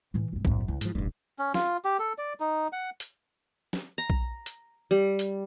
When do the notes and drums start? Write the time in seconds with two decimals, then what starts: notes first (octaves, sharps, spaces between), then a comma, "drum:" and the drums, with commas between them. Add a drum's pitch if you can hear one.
0.14 A2 E3
0.33 E1 G2
0.45 A#1 F#2 A2 B3, drum: kick B1
0.68 C#2 E4
0.81 G#2 F3, drum: hi-hat
0.95 E1 A1 G2 B2
1.39 C#4
1.54 F4, drum: snare
1.85 G4
1.99 A4
2.18 D5
2.40 D#4
2.73 F#5
3.00 drum: hi-hat
3.73 drum: snare
3.98 A#5
4.10 drum: kick B1
4.46 drum: hi-hat
4.91 G3
5.19 drum: hi-hat